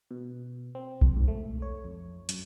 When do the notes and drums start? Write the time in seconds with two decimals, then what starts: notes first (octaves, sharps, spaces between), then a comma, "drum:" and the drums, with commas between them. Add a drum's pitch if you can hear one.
0.11 B2
0.75 C4
1.02 F2, drum: kick B1
1.16 G#2
1.28 A3
1.62 C#5
1.84 F2
2.29 F#2, drum: hi-hat